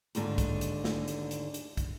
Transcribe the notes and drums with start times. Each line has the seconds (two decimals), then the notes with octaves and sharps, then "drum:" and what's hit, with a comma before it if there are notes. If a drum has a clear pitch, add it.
0.15 D#2 G#2 D3 D4, drum: hi-hat
0.38 drum: kick, hi-hat
0.61 drum: hi-hat
0.84 drum: snare
1.08 drum: hi-hat
1.31 drum: hi-hat
1.54 drum: hi-hat
1.77 drum: kick, hi-hat